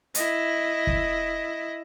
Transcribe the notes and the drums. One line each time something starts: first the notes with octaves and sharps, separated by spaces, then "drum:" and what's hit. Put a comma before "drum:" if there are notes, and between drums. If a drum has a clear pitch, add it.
E4 D#5, drum: hi-hat
drum: kick